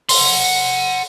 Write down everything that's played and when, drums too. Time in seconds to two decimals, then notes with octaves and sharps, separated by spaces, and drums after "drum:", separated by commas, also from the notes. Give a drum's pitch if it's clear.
0.09 F#5 C6, drum: open hi-hat